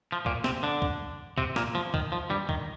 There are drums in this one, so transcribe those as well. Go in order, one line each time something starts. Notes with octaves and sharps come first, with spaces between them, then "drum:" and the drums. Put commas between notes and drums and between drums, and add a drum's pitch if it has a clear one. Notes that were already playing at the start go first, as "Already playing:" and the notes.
F3
A#2 A#3, drum: kick
C3 C4, drum: snare
D3 D4
drum: kick
C3 C4, drum: kick
A#2 A#3, drum: snare
F3
D#3, drum: kick
F3
G2 G3
D#3, drum: kick